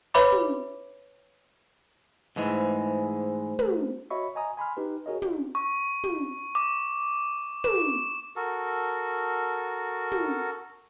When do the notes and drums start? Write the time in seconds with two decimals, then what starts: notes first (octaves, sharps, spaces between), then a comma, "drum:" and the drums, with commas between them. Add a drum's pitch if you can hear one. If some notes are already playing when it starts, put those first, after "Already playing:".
0.14 B4 C#5 E5 B5 D6
0.32 drum: tom
2.36 G#2 E3 G#3 A3 C5
3.59 drum: tom
4.11 F#4 C#5 D#5 E5 B5 C#6
4.35 D#5 G#5 A#5 D#6
4.57 G#5 B5 C6 F6
4.77 D#4 G4 B4
5.06 F#4 G#4 A#4 C#5 D#5
5.22 drum: tom
5.55 C#6
6.04 drum: tom
6.55 D6
7.64 E7, drum: tom
8.36 F#4 A4 A#4
10.12 drum: tom